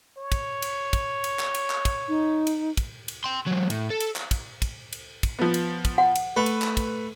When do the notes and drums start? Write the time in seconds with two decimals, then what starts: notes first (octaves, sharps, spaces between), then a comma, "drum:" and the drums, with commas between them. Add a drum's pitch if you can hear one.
0.17 C#5
0.32 drum: kick, cymbal
0.62 drum: cymbal
0.93 drum: kick, cymbal
1.24 drum: cymbal
1.39 drum: clap
1.55 drum: cymbal
1.70 drum: clap
1.85 drum: kick, cymbal
2.08 D#4
2.47 drum: cymbal
2.77 drum: kick, cymbal
3.08 drum: cymbal
3.24 G5 C6
3.46 E3 F#3
3.70 A2, drum: cymbal
3.90 A4
4.00 drum: cymbal
4.16 drum: clap
4.31 drum: kick, cymbal
4.62 drum: kick, cymbal
4.93 drum: cymbal
5.23 drum: kick, cymbal
5.39 F3 B3
5.54 drum: cymbal
5.85 drum: kick, cymbal
5.98 F#5
6.15 drum: cymbal
6.37 A3 B4
6.46 drum: cymbal
6.62 drum: clap
6.77 drum: kick, cymbal